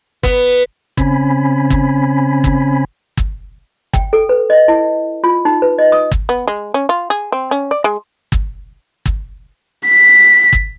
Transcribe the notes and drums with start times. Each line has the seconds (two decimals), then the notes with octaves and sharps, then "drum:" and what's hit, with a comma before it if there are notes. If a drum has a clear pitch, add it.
0.23 B3, drum: kick G1
0.97 C#3 C4 C#4 G#5 B5, drum: kick G1
1.70 drum: kick G1
2.44 drum: kick G1
3.17 drum: kick G1
3.93 G5, drum: kick G1
4.13 A4
4.29 B4
4.50 D#5
4.68 E4
5.24 F4
5.45 D#4
5.62 B4
5.79 D#5
5.92 D#6
6.11 drum: kick G1
6.29 B3
6.47 G#3
6.74 C#4
6.89 F4
7.10 G#4
7.32 C4
7.51 C#4
7.71 D5
7.84 G#3
8.32 drum: kick G1
9.06 drum: kick G1
9.87 B6
10.53 drum: kick G1